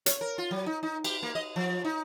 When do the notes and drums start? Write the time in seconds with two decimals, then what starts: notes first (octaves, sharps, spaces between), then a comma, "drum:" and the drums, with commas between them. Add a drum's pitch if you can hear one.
0.06 C#5, drum: hi-hat
0.21 A#4
0.38 F4
0.51 F#3
0.66 D#4
0.83 D#4
1.04 G4, drum: cymbal
1.23 A#3
1.35 D#5
1.56 F3
1.84 D#4